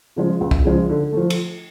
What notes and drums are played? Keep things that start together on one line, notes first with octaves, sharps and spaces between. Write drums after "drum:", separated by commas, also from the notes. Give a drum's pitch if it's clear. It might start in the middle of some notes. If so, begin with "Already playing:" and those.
C#3 F3 G#3
C#2
drum: kick C2
C#3 F3 G#3
D3
F3 A3
drum: cymbal